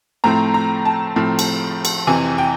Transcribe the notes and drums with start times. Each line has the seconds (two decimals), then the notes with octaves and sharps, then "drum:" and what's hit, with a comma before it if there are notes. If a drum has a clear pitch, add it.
0.24 A2 F3 A3 C4 A#5
0.54 A#5
0.85 A5
1.16 A2 F3 A3 C4
1.39 drum: cymbal
1.85 drum: cymbal
2.07 F2 C3 E3 G#5
2.38 G5